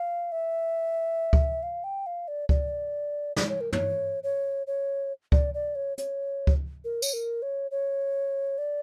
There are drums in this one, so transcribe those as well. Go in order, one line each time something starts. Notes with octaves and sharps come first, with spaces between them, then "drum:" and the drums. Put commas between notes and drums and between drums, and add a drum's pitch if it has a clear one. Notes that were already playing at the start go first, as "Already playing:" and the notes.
Already playing: F5
E5
drum: kick C#2
F5
G5
F5
D5
D5, drum: kick C#2
D5, drum: snare
C#5
A#4
C#5, drum: tom
C#5
C#5
D5, drum: kick C#2
D5
C#5
C#5, drum: hi-hat
drum: kick C#2
A#4
C#5, drum: tambourine
A#4
C#5
C#5
D5